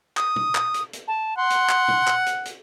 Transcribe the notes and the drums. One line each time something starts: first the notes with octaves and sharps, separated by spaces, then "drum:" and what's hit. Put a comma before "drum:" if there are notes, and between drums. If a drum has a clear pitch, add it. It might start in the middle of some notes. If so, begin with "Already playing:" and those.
D#6, drum: clap
drum: tom
drum: clap
drum: hi-hat
drum: hi-hat
A5
F#5 C6
drum: hi-hat
drum: clap
drum: tom
drum: clap
drum: hi-hat
drum: hi-hat